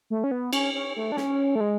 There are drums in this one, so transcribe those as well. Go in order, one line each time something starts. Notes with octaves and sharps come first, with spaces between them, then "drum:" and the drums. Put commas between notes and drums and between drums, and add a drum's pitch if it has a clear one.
A3
C#4
B3
C#4, drum: cymbal
C#4
A3
D4
C#4, drum: snare
A3
G#3